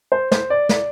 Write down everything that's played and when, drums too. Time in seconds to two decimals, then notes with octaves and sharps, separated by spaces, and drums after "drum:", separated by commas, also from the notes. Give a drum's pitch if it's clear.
0.12 C5
0.32 C5, drum: snare
0.50 D5
0.69 D5, drum: snare